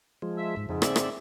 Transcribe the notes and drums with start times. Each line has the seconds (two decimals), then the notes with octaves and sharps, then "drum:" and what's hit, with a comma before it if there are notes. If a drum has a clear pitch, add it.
0.22 F3 G#3
0.38 E5
0.57 G#2
0.69 F2 G#2 C#3
0.82 C4 D5 E5, drum: rim click
0.96 drum: rim click